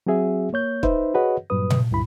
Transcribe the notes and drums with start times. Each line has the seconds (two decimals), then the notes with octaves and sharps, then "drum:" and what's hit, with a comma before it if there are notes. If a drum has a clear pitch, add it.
0.07 F#3 C4 F#4 G#4 E5
0.53 A#3 C#5 G6
0.83 D#4 B4 C5 E5, drum: kick
1.14 F#4 G#4 B4 C#5 D#5 F#5
1.50 G2 A#2 F#3 B4 D#6
1.70 drum: tom A#2
1.91 C#2 G2 E4 B5